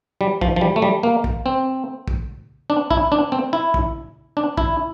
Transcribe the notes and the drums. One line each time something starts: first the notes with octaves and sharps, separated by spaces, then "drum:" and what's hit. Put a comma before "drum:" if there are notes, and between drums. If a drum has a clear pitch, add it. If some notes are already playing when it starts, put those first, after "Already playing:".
G3
F3, drum: kick
F3
G3
A3
G3
A#3
drum: kick
C4
drum: kick
D4
E4, drum: kick
D4
C4
E4
drum: kick
D4
E4, drum: kick